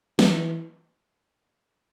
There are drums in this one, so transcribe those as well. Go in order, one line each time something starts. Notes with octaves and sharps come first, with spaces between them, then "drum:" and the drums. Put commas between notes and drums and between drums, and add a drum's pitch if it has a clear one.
E3, drum: snare